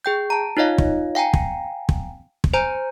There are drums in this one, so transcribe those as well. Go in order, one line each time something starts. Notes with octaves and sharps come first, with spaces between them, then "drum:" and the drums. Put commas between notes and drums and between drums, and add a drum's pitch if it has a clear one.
G#4 G5 G6
A5 A#5
D#4 F4 C#5 D#5 F5
drum: kick
F5 G5 G#5 A#5
drum: kick
drum: kick
drum: kick
C5 G#5 A#5 G6